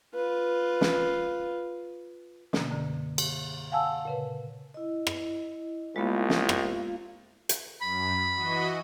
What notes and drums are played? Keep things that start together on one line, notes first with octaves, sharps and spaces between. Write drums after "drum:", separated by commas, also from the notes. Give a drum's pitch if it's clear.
F4 B4
drum: snare
B2 D3 A#3, drum: snare
F#2 D3
drum: cymbal
F5 F#5 G#5 A5 E6
A#2 C#3 B4
E4 D#5
drum: rim click
C2 G#3 A#3 B3 F4
drum: snare
drum: rim click
drum: hi-hat
F#2 B5
E3 F#4 D#5